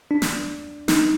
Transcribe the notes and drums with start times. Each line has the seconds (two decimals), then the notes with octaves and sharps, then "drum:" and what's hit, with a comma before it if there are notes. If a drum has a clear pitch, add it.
0.11 D4
0.22 drum: snare
0.88 D#4, drum: snare